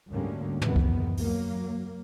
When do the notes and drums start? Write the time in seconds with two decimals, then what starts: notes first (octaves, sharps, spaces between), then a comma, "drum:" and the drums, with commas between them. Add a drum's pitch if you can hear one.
0.10 D2 G#2 D3 G3 A#3 C#4
0.61 F#1 E2 C3 D#3 B3, drum: tom
0.76 drum: kick C#2
1.17 F#3 A#3, drum: open hi-hat